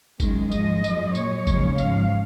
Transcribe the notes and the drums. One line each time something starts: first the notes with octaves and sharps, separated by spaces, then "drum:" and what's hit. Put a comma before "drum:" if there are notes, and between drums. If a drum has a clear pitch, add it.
F#2 D#3 G#3, drum: kick G1, tambourine
G#2 F3 G#3 D#5, drum: tambourine
F#2 F3 G#3, drum: tambourine
A#2 F#3 C#5, drum: tambourine
D#2 C#3 F3 G#3, drum: kick G1, tambourine
G#2 F3 G#3 F5, drum: tambourine